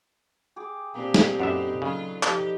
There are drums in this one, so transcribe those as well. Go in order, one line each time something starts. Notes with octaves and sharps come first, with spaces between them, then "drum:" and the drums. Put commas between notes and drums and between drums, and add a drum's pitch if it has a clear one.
G4 G#4 D6
A#2 A#3 C4 D4 G4
drum: snare
F#2 D4 D#4 A4 B4 E5
C#3 F#3 F4
F3 D#4 G4, drum: clap